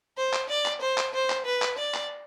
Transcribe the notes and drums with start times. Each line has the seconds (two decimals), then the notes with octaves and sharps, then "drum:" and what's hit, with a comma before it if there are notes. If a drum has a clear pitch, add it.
0.18 C5
0.33 drum: clap
0.50 D5
0.66 drum: clap
0.82 C5
0.98 drum: clap
1.14 C5
1.30 drum: clap
1.45 B4
1.62 drum: clap
1.79 D5
1.94 drum: clap